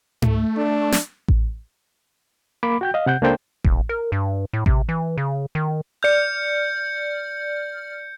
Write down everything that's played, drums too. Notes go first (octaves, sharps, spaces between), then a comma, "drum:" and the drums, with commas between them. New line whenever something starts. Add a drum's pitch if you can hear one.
A3, drum: tom G#2
D4
drum: snare
drum: kick A1
A#3 B5 D6
F#4 G5 G6
D#5 F5
C3 F#5 G6
C#2 A#3 D4 A4 C5 G5
E1, drum: kick A1
A#4
G2
A2
C3, drum: kick A1
E3
C#3
D#3
D5 F6 G6 C#7